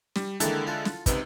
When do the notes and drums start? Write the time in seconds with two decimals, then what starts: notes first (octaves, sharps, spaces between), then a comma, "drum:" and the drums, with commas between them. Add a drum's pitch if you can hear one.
0.16 G3, drum: snare
0.40 D3 D#3 G#3 A#3 E4 A4, drum: hi-hat
0.67 F4 A4
0.85 drum: snare
1.06 C#2 C3 D#4 B4, drum: kick, hi-hat